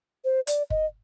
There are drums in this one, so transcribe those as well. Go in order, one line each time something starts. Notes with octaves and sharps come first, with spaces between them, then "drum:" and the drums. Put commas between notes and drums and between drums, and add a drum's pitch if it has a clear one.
C5
D5, drum: hi-hat
D#5, drum: kick